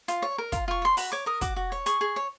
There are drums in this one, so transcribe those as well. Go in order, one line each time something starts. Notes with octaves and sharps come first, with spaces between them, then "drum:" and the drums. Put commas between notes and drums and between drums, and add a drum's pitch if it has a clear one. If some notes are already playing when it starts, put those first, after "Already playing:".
F4, drum: hi-hat
C#5
A#4
F4, drum: kick, hi-hat
F4 C#6
C#5 C6
F#4 B5, drum: open hi-hat
C#5 D6
A#4 D#6
F#4 D6, drum: kick, hi-hat
F#4
C#5
G#4 C#6, drum: hi-hat
G#4
C#5